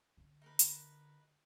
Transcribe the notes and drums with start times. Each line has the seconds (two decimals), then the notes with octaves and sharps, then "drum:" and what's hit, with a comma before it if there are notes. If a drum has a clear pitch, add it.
0.17 D3
0.42 D#4 A#4 B4
0.59 drum: hi-hat